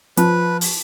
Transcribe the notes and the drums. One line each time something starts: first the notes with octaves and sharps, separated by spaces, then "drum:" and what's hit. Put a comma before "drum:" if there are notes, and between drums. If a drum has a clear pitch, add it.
F3 B4, drum: hi-hat
drum: open hi-hat